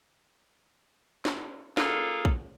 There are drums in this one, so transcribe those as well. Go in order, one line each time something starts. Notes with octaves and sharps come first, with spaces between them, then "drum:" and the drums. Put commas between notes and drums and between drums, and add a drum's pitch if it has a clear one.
drum: snare
A#3 F4 G#4 A4, drum: snare
drum: kick A#1